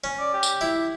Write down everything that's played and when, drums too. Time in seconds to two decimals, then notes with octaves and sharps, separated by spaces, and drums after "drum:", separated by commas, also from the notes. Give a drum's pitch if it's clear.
0.04 C#4
0.20 D5
0.34 G4
0.43 drum: tambourine
0.61 E4